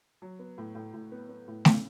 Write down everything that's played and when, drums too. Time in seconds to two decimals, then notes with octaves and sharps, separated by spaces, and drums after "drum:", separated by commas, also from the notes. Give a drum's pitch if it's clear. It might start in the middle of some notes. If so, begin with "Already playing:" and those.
0.22 F#3
0.39 B3
0.58 A2
0.75 A2
0.94 A2
1.12 B3
1.29 B3
1.48 A2
1.65 C#3, drum: snare A3